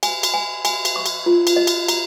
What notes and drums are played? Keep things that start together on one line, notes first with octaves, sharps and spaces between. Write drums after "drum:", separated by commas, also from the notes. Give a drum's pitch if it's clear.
G#5, drum: cymbal
drum: cymbal
G#5
G#5, drum: cymbal
drum: cymbal
C#6
drum: cymbal
F4
drum: cymbal
D#5
drum: cymbal
A#5, drum: cymbal